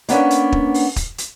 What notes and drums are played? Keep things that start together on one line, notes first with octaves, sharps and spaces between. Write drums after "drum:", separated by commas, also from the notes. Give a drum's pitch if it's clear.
A#3 B3 C#4 D4, drum: hi-hat
drum: hi-hat
drum: kick
drum: open hi-hat
drum: kick, hi-hat
drum: hi-hat